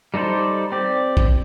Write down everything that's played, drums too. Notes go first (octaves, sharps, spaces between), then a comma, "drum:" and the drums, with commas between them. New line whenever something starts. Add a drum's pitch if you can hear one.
G3 D#4 A4 C5 D5
C4 G4 D5
drum: kick